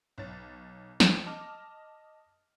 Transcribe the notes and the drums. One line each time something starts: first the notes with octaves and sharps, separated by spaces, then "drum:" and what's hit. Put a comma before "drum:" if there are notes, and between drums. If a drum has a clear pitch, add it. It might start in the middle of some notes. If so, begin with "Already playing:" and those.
B1 C#5 A6
drum: snare
D#5 A5 D6 F6